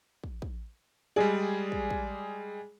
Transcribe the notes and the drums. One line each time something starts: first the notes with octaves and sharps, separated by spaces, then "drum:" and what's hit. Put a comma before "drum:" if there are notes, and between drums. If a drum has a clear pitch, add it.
drum: kick
drum: kick
G3 G#3 G#4 D5
drum: kick
drum: kick